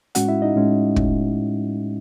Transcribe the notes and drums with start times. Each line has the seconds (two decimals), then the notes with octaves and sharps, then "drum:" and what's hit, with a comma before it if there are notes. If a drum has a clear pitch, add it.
0.15 A2 G#3 C#4 F#4 F#5, drum: hi-hat
0.28 E4 E5
0.42 D#4 D#5
0.56 A2 G#3 C#4
0.96 A2, drum: kick